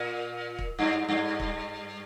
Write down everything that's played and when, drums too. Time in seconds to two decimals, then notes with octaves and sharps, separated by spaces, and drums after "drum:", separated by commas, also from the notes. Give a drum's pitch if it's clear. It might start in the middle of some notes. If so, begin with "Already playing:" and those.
Already playing: A#2
0.59 drum: kick
0.79 G2
1.09 G2
1.40 drum: kick